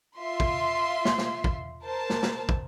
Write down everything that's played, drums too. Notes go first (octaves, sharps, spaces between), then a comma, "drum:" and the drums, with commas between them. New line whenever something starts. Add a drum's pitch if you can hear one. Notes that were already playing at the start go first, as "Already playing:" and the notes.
F4 E5 C6
drum: kick
drum: snare
drum: snare
drum: kick
A#4 C5 A5
drum: snare
drum: snare
drum: kick